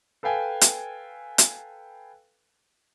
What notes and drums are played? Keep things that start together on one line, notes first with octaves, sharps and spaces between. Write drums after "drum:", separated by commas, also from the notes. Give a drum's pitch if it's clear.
A4 B4 F5 G5 G#5
drum: hi-hat
drum: hi-hat